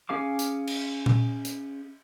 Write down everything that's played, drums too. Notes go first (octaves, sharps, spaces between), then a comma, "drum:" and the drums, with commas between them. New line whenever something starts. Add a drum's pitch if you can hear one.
C#4 G#4 F5 D6
drum: hi-hat
drum: cymbal
drum: tom A#2
drum: hi-hat